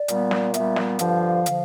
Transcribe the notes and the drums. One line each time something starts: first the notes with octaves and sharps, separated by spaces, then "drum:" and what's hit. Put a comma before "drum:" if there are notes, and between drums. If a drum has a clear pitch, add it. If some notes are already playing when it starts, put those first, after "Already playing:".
Already playing: D5
A#2 G3 B3, drum: hi-hat
drum: snare
A#2 G3 B3 E5, drum: hi-hat
drum: snare
G2 D3 F3 F5, drum: hi-hat
D3 F3, drum: hi-hat